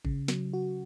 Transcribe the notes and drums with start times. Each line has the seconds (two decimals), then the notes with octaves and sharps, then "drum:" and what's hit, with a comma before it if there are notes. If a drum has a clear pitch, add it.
0.05 C#3, drum: kick
0.28 F#3, drum: snare
0.53 F#4